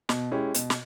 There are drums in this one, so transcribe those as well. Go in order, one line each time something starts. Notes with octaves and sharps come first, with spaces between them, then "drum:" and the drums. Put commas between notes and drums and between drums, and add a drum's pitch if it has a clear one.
B2, drum: snare
G#3 C#4 E4 G4
B2, drum: hi-hat
drum: snare